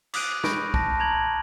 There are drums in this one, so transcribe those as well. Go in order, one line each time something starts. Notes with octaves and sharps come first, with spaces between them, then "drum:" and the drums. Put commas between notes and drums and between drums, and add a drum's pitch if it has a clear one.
D6 D#6 F6 F#6 D7 D#7, drum: cymbal
B5 C#6 G6 A#6 D7, drum: snare
A5 A#6, drum: kick B1
A#5 G#6 F#7